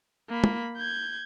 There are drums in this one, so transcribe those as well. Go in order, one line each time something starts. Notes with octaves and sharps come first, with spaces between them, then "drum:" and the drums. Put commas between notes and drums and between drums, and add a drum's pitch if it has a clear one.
A#3 B5
drum: tom
G6 G#6